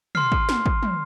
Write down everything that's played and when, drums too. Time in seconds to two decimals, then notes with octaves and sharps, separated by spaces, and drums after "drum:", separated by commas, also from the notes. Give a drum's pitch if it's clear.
0.15 C6 F6 C7, drum: tom
0.32 drum: kick
0.49 drum: snare
0.66 drum: kick
0.83 drum: tom